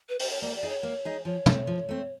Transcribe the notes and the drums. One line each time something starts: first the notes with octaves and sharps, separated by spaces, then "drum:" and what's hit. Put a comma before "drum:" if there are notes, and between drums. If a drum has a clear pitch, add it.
B4
C5, drum: open hi-hat
C#5
A#3 D5
D5
D#4 G#4
C#5
A#3
D#4 G#4
F3 C#5
A3 C4, drum: tom
F3
A3 C4